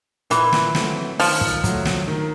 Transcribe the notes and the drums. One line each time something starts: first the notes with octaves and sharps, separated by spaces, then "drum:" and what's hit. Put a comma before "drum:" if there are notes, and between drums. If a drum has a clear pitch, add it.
A#2 E3, drum: hi-hat
drum: snare
F#3 A3 C4, drum: snare
D#3 F3, drum: open hi-hat
drum: kick
F#3 A3, drum: kick, hi-hat
drum: snare
D#3